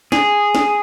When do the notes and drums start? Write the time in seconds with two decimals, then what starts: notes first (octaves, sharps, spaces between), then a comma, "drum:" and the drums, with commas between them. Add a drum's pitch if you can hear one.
0.12 G#4, drum: snare
0.55 drum: snare